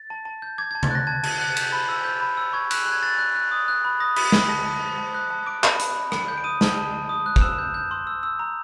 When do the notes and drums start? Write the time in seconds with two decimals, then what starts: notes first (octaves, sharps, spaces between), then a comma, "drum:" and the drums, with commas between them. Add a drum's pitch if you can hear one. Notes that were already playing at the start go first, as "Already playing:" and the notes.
Already playing: A6
0.10 A5
0.25 A5
0.42 G6
0.58 D6 G#6
0.71 G#6
0.75 A5
0.83 A6, drum: tom C3
0.91 F#6 A#6
1.07 A5 G#6
1.23 A5, drum: cymbal
1.40 F#6
1.57 G6, drum: cymbal
1.72 B5
1.89 E6
2.04 G6
2.21 B5
2.37 E6
2.53 C#6 G#6
2.71 F#6, drum: cymbal
2.86 F#6
2.92 G#6
3.02 F#6 A6
3.19 F#6
3.35 F#6
3.51 D#6
3.68 F#6
3.85 B5
4.00 D#6 A#6
4.16 B5 B6, drum: cymbal
4.32 B5 B6, drum: snare
4.49 A5 A#6
4.66 A5
4.81 A5
4.98 A5
5.15 F#6
5.30 A5
5.46 D6 D7
5.63 B5, drum: clap
5.79 B5, drum: hi-hat
5.95 B5
6.12 B5, drum: rim click
6.28 G6
6.38 D7
6.44 D#6 D#7
6.61 A5, drum: snare
6.77 A5
6.93 A5
7.09 D#6
7.26 F#6
7.36 F7, drum: kick
7.41 E6 E7
7.58 G6
7.74 G6
7.91 C6
8.07 E6
8.23 E6
8.39 A#5